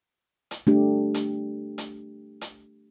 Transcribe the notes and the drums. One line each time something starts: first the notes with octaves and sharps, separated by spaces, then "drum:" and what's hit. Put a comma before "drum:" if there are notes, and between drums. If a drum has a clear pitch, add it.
drum: hi-hat
A3 D4 G4
drum: hi-hat
drum: hi-hat
drum: hi-hat